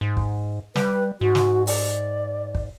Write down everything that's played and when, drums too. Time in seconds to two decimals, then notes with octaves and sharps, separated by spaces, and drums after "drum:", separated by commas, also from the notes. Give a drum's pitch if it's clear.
0.01 G#2
0.17 drum: kick
0.76 G3 B4, drum: snare
1.21 G#2 F#4
1.35 drum: snare
1.67 D5, drum: open hi-hat
2.55 drum: kick